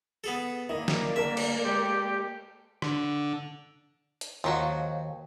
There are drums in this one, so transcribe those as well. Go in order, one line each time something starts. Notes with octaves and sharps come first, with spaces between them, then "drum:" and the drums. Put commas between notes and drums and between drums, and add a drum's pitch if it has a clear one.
B3 G#4 A4
D#3 A#3 E4 D5 D#5
drum: snare
G1 A#4 E5 A5
drum: cymbal
G#3 G4
D3, drum: rim click
drum: hi-hat
D#2 F3 F#3 F#4